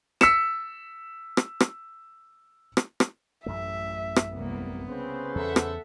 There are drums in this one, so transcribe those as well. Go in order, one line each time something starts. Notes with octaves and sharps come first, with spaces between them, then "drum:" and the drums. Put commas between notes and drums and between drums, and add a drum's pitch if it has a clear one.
E6 B6 C#7 E7, drum: rim click
drum: rim click
drum: rim click
drum: rim click
drum: rim click
A1 F#2 A3 E5
drum: rim click
C2 A#3 B3
C#3 C4 B4 C5
E2 A4 E5 F#5
drum: rim click